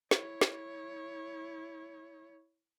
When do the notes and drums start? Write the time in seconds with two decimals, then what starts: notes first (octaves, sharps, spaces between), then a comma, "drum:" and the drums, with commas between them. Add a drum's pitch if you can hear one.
0.11 E4 C#5, drum: snare
0.41 drum: snare